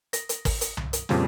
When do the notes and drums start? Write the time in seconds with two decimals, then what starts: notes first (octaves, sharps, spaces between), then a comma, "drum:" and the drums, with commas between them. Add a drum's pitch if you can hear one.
0.13 A#6, drum: hi-hat
0.29 drum: hi-hat
0.45 drum: kick, open hi-hat
0.61 drum: hi-hat
0.77 drum: tom C2
0.93 drum: hi-hat
1.09 F2 A#2 C#3 F3 G3 C#4, drum: snare